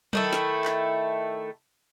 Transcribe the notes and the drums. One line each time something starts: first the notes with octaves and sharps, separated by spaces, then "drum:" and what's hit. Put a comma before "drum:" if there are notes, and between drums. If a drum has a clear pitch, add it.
D#3 A3 E4, drum: tom F#3
drum: snare
drum: clap